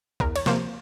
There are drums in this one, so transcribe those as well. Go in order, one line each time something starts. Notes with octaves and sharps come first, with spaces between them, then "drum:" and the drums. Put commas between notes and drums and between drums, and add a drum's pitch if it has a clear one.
E2 A#4, drum: kick B1
C#5, drum: cymbal
C3 F3 A#3 C5, drum: snare